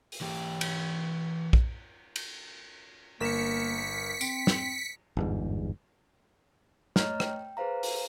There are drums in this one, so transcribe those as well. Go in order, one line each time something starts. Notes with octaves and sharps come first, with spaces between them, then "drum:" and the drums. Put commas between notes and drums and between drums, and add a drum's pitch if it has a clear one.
drum: open hi-hat
E3 G4
drum: cymbal
drum: kick
drum: cymbal
G1 A#3 A#4 B6 C#7 E7
C4 D7, drum: tambourine
drum: snare
G1 E2 G#2
A3 C#5 D#5 A#5 F6, drum: snare
G5, drum: rim click
G#4 B4 C5 F5 A#5
drum: open hi-hat